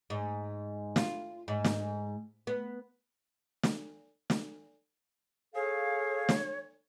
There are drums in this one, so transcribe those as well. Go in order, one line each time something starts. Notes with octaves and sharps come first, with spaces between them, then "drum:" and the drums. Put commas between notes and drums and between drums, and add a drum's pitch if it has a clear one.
G#2
F4, drum: snare
G#2
drum: snare
B3
drum: snare
drum: snare
G#4 A4 C#5 F5
drum: snare